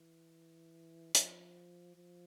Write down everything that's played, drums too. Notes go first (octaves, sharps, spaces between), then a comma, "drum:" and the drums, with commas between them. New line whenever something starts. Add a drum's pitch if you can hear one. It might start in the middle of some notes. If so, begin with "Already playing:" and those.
Already playing: E3
F3, drum: hi-hat
F3